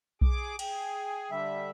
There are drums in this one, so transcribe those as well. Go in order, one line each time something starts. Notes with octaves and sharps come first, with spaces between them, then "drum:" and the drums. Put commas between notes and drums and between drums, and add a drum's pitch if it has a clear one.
G#4 D6, drum: kick B1
G#4 G5, drum: cymbal
D3 G3 E5